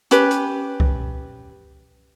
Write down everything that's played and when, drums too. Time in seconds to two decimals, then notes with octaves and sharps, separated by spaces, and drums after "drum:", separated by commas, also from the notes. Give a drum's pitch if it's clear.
0.11 C#4 G4 B4, drum: hi-hat
0.31 drum: hi-hat
0.80 drum: kick C2